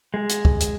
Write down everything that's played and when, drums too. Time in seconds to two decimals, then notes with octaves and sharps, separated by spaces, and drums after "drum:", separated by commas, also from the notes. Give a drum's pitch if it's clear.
0.14 G#3
0.29 drum: hi-hat
0.45 drum: kick
0.60 drum: hi-hat